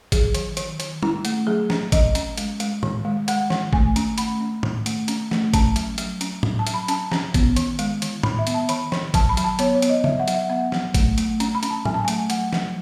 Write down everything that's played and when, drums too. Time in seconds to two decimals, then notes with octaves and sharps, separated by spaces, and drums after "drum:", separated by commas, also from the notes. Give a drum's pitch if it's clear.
0.12 F#3 G#4, drum: kick G#1, hi-hat
0.35 D#3, drum: hi-hat
0.57 D#3, drum: hi-hat
0.80 D#3, drum: hi-hat
1.03 C#4 E4, drum: tom
1.25 A3, drum: hi-hat
1.47 F#3 G#4
1.70 C#4, drum: snare
1.92 C#4 D#5, drum: kick G#1, hi-hat
2.15 C#4, drum: hi-hat
2.38 G#3, drum: hi-hat
2.60 G#3, drum: hi-hat
2.83 D#3, drum: tom
3.05 G#3
3.28 G#3 F#5, drum: hi-hat
3.50 D#3, drum: snare
3.73 A3 G#5, drum: kick G#1
3.96 C#4, drum: hi-hat
4.18 A3 B5, drum: hi-hat
4.40 C#4
4.63 D#3, drum: tom
4.86 A3, drum: hi-hat
5.08 C#4, drum: hi-hat
5.31 A3, drum: snare
5.54 C#4 A5, drum: kick G#1, hi-hat
5.76 F#3, drum: hi-hat
5.98 F#3, drum: hi-hat
6.21 C#4, drum: hi-hat
6.43 F#3, drum: tom
6.59 A5
6.67 F#3, drum: hi-hat
6.74 B5
6.88 C#4 A5, drum: hi-hat
7.12 C#4, drum: snare
7.34 B3, drum: kick G#1, hi-hat
7.56 D#3, drum: hi-hat
7.79 G#3, drum: hi-hat
8.02 D#3, drum: hi-hat
8.23 D#3 B5, drum: tom
8.39 E5
8.47 B3, drum: hi-hat
8.54 A5
8.69 D#3 B5, drum: hi-hat
8.92 D#3, drum: snare
9.14 F#3 A5, drum: kick G#1, hi-hat
9.29 B5
9.37 F#3, drum: hi-hat
9.44 A5
9.59 B3 C#5, drum: hi-hat
9.75 C#5
9.82 B3, drum: hi-hat
9.89 D#5
10.04 F#3 E5, drum: tom
10.19 F#5
10.28 F#3, drum: hi-hat
10.34 E5
10.50 B3 F#5
10.72 F#3, drum: snare
10.94 A3, drum: kick G#1, hi-hat
11.18 A3, drum: hi-hat
11.40 C#4, drum: hi-hat
11.55 B5
11.63 C#4, drum: hi-hat
11.70 A5
11.85 F#3 G#5, drum: tom
11.94 A5
12.05 G#5
12.08 A3, drum: hi-hat
12.30 F#3 F#5, drum: hi-hat
12.53 F#3, drum: snare